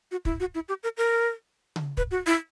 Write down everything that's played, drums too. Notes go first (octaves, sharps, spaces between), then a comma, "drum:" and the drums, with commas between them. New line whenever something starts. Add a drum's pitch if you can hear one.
F#4
E4, drum: kick
F#4
E4
G4
A#4
A#4
drum: tom C#3
B4, drum: kick
F#4
E4